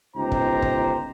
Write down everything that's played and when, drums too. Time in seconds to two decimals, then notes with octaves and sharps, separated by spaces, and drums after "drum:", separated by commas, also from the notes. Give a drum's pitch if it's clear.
0.16 G1 C#2 D#4 G4 C5 A#5
0.32 drum: kick
0.62 drum: kick